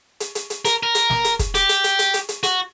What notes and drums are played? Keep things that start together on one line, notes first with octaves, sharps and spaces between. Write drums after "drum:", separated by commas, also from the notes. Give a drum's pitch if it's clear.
drum: hi-hat
drum: hi-hat
drum: hi-hat
A#4, drum: hi-hat
A#4
drum: hi-hat
drum: snare
drum: hi-hat
drum: kick, hi-hat
G4, drum: hi-hat
drum: hi-hat
drum: hi-hat
drum: hi-hat
drum: hi-hat
drum: hi-hat
F#4, drum: hi-hat